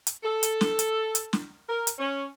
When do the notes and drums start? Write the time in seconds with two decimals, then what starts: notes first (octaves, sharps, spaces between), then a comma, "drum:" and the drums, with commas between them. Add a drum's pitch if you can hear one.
0.07 drum: hi-hat
0.23 A4
0.43 drum: hi-hat
0.61 drum: snare
0.79 drum: hi-hat
1.15 drum: hi-hat
1.33 drum: snare
1.69 A#4
1.87 drum: hi-hat
1.98 C#4